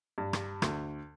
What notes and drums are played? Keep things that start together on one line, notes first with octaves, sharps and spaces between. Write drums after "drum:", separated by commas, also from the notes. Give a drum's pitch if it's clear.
G2
drum: rim click
D2, drum: rim click